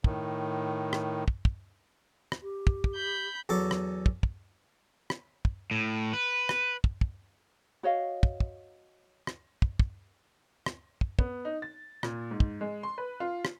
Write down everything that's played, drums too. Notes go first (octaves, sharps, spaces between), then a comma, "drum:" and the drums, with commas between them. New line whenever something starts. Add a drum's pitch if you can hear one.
A2 D#3, drum: kick
drum: rim click
drum: kick
drum: kick
drum: rim click
G4
drum: kick
drum: kick
B5 G6
E2 F#3 A4 D6
drum: rim click
drum: kick
drum: kick
drum: rim click
drum: kick
A2
B4
drum: rim click
drum: kick
drum: kick
F#4 C#5 D#5 F5
drum: kick
drum: kick
drum: rim click
drum: kick
drum: kick
drum: rim click
drum: kick
B3, drum: kick
D#4
A6
A#2, drum: rim click
G#2
drum: kick
G#3
C6
B4
F4
drum: rim click